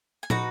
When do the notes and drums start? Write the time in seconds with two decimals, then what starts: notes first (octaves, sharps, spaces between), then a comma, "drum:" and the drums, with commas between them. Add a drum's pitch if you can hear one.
0.23 G#5
0.30 D#4 F#4 B4 A#5, drum: tom